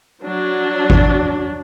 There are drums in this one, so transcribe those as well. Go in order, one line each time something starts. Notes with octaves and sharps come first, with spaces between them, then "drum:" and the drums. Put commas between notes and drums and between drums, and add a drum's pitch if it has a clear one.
F#3 D4
drum: kick G#1